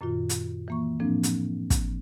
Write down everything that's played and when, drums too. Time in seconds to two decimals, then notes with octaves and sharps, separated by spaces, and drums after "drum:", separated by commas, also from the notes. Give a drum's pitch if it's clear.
0.01 F#2 A#2 D#3 F4
0.29 drum: hi-hat
0.68 E3 A#3 C#6
1.00 A2 F3 A#3 C4 D4
1.23 drum: hi-hat
1.70 drum: kick, hi-hat